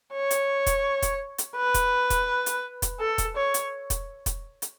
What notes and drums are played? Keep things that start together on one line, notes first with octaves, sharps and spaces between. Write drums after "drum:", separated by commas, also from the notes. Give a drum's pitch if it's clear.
C#5
drum: hi-hat
drum: kick E1, hi-hat
drum: kick E1, hi-hat
drum: hi-hat
B4
drum: kick E1, hi-hat
drum: kick E1, hi-hat
drum: hi-hat
drum: kick E1, hi-hat
A4
drum: kick E1, hi-hat
C#5
drum: hi-hat
drum: kick E1, hi-hat
drum: kick E1, hi-hat
drum: hi-hat